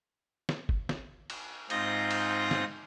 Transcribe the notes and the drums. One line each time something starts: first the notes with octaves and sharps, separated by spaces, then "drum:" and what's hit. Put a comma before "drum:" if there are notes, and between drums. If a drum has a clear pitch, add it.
drum: snare
drum: kick F#1
drum: snare
drum: cymbal
G#2 C4 D#4 F4 G6 A#6, drum: cymbal
drum: cymbal
drum: snare